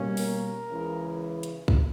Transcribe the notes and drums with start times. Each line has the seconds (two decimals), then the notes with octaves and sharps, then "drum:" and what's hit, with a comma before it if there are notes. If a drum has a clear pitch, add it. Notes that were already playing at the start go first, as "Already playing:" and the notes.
Already playing: B2 G3 A#3 C#4
0.17 A#4, drum: open hi-hat
0.70 C#2 C#3 E3
1.43 drum: hi-hat
1.68 drum: kick B1